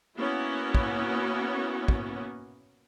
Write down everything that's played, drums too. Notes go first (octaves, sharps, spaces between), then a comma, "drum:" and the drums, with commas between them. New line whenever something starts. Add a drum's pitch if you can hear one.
A#3 B3 C#4 E4 F#4
drum: kick
drum: kick